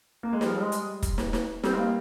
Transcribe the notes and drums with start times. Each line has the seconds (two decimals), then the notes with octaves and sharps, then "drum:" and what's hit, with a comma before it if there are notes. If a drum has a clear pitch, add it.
0.23 A#3
0.33 G#3
0.41 F3 G3, drum: snare
0.61 G#3
0.72 drum: hi-hat
1.02 drum: kick, hi-hat
1.18 drum: snare
1.33 drum: snare
1.64 G3 C4, drum: snare
1.74 G#3
1.79 A#3